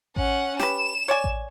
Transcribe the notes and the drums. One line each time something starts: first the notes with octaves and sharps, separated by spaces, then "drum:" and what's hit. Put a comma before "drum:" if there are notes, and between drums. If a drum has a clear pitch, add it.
C#4 F#5, drum: kick A1
G4 B4 E7, drum: snare
C#5 D5 G#5
drum: kick A1